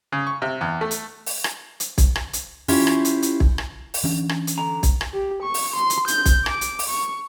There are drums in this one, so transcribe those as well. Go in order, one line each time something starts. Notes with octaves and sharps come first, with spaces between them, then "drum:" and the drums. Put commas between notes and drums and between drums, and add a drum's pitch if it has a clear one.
C#3
C#6
C3
E2
A3
drum: hi-hat
drum: open hi-hat
drum: rim click
drum: hi-hat
drum: kick, hi-hat
drum: rim click
drum: hi-hat
C#4 E4 F4 G4, drum: open hi-hat
drum: rim click
drum: hi-hat
drum: hi-hat
drum: kick
drum: rim click
drum: open hi-hat
E3 C#4 D4
drum: rim click
drum: hi-hat
D3 A#5
drum: kick, hi-hat
drum: rim click
G4
C#6
drum: open hi-hat
C6
drum: hi-hat
G6, drum: hi-hat
drum: kick, hi-hat
D6, drum: rim click
drum: hi-hat
drum: open hi-hat
C#6